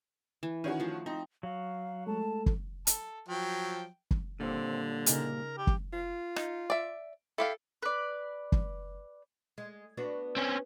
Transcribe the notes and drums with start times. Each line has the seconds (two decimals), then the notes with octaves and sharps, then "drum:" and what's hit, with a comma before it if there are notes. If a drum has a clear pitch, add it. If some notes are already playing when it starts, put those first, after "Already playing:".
0.43 E3
0.64 D#3 C#4 F#4 G#5
0.80 F3 A3
1.06 C4 D#4
1.43 F#3 F5
2.07 G#3 A3 A4 A5
2.46 drum: kick
2.87 A4, drum: hi-hat
3.28 F3 F#3 G5
4.11 drum: kick
4.40 A#2 D3 G3 C4
5.06 C#3 D#4 G#4 A#4, drum: hi-hat
5.57 G4
5.67 drum: kick
5.93 F4
6.36 D#4, drum: rim click
6.70 D5 E5
7.38 E4 G4 A4 F5
7.82 B4 D5
8.52 drum: kick
9.58 G#3
9.97 B3 D4 F#4
10.37 C4 C#4